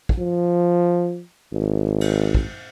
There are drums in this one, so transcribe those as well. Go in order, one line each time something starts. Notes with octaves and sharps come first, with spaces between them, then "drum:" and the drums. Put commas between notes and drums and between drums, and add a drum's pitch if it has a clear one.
drum: kick
F3
G#1
drum: cymbal
drum: kick